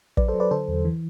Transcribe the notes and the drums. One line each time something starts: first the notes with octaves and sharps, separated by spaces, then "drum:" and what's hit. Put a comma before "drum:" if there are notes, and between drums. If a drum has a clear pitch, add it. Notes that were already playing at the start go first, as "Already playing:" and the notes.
F#3 B4 D5, drum: kick
A4 C5
F#3
B4 D5
D3 A4 C5
E2
E3